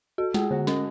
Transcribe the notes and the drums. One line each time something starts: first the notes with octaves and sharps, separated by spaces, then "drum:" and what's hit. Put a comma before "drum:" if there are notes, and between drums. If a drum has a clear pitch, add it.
F#4 A4
G#3 G#4, drum: snare
D3 F#4
G#3 C#4, drum: snare